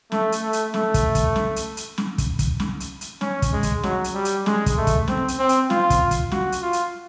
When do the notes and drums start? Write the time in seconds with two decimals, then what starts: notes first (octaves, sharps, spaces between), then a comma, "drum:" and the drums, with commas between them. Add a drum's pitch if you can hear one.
0.12 A3, drum: snare
0.32 drum: hi-hat
0.42 A3
0.53 drum: hi-hat
0.74 A3, drum: snare
0.94 drum: kick, hi-hat
1.15 drum: kick, hi-hat
1.36 drum: snare
1.56 drum: hi-hat
1.77 drum: hi-hat
1.98 drum: snare
2.18 drum: kick, hi-hat
2.39 drum: kick, hi-hat
2.60 drum: snare
2.80 drum: hi-hat
3.01 drum: hi-hat
3.21 C#4, drum: snare
3.42 drum: kick, hi-hat
3.53 G#3
3.63 drum: kick, hi-hat
3.83 F#3, drum: snare
4.04 drum: hi-hat
4.14 G3
4.25 drum: hi-hat
4.46 G#3, drum: snare
4.66 drum: kick, hi-hat
4.77 A3
4.87 drum: kick, hi-hat
5.08 C4, drum: snare
5.28 drum: hi-hat
5.39 C4
5.49 drum: hi-hat
5.70 F4, drum: snare
5.90 drum: kick, hi-hat
6.11 drum: kick, hi-hat
6.31 F#4, drum: snare
6.52 drum: hi-hat
6.63 F4
6.73 drum: hi-hat